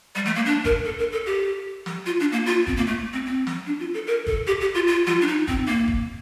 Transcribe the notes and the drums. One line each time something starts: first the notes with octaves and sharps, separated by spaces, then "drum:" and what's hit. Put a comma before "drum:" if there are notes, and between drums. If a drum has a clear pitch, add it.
G3
A3, drum: snare
A#3
D4
A#4, drum: kick
A4
A#4
A4
G4
drum: snare
F4
D4
A#3
F4
C4, drum: kick
A#3
A3
C4
C4
drum: snare
D4
F4
A4
A#4
A4, drum: kick
G4
G4
F4
F4
F4, drum: snare
D4
D#4
C4, drum: kick
A#3
drum: kick